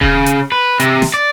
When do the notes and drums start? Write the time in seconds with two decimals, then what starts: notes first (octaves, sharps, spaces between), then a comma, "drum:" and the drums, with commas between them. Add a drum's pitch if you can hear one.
0.01 C#3, drum: kick D#1
0.26 drum: hi-hat
0.52 B4
0.80 C3, drum: hi-hat
1.02 drum: snare
1.14 D5